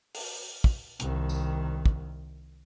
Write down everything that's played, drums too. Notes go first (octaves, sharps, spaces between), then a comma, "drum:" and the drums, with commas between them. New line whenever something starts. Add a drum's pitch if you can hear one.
drum: open hi-hat
drum: kick
C2 D#3, drum: hi-hat
drum: tambourine
drum: kick